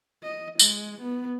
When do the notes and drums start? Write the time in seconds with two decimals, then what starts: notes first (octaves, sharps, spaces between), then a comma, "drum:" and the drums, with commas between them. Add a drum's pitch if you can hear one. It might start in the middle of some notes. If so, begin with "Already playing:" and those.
0.23 D#5
0.59 G#3, drum: tambourine
1.02 B3